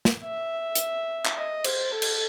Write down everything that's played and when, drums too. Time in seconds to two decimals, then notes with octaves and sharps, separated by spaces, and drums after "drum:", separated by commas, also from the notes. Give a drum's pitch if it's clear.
0.05 drum: snare
0.24 E5
0.75 drum: hi-hat
1.25 drum: clap
1.36 D#5
1.64 C5, drum: cymbal
1.92 A4
2.02 drum: cymbal